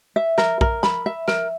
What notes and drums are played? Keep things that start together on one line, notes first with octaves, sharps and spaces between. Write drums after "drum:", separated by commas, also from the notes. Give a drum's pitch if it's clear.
E5
A#4, drum: snare
A#4, drum: kick
B5, drum: snare
E5
A#4, drum: snare